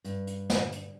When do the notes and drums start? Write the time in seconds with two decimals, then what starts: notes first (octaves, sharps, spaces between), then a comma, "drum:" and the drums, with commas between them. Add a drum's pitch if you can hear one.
0.04 G2, drum: hi-hat
0.27 drum: hi-hat
0.50 drum: snare
0.72 drum: hi-hat